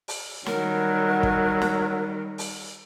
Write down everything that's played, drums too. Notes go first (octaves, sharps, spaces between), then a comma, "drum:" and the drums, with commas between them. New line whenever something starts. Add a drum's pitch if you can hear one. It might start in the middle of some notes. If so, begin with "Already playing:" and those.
drum: open hi-hat
D#3 F#3 G3 A#4, drum: snare
drum: kick
drum: snare
drum: open hi-hat